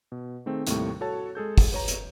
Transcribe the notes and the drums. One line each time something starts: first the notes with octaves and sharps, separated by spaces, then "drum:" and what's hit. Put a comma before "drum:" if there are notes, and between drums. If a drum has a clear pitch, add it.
B2
D#3 A3 C4 G#4
D#2 A2 C3 G3 A3 C#6, drum: hi-hat
F#4 A4 C#5 A5
G#3 G#4 A4 G6
drum: kick, open hi-hat
B4 C#5 A#5
drum: hi-hat